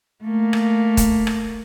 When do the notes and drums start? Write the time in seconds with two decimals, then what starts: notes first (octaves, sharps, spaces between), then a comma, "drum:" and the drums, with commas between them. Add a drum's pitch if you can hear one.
0.23 A3 A#3
0.53 drum: rim click
0.97 drum: kick, hi-hat
1.27 drum: rim click